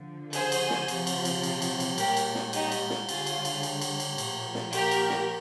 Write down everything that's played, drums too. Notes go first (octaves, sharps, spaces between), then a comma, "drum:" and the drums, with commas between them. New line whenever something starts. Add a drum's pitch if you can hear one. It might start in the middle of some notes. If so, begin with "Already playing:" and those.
Already playing: D3 F3
G#4 C5, drum: cymbal
drum: cymbal
drum: snare
C3 F3, drum: cymbal
drum: cymbal
drum: cymbal
drum: cymbal
drum: cymbal
drum: cymbal
A#2 G3 G4 A#4, drum: cymbal
drum: cymbal
drum: snare
D#4 G4, drum: cymbal
drum: cymbal
drum: snare
D3 G3 F4 G#4, drum: cymbal
drum: cymbal
drum: cymbal
drum: cymbal
drum: cymbal
drum: cymbal
A#2 F3, drum: cymbal
drum: snare
G4 A#4, drum: cymbal
drum: cymbal
drum: snare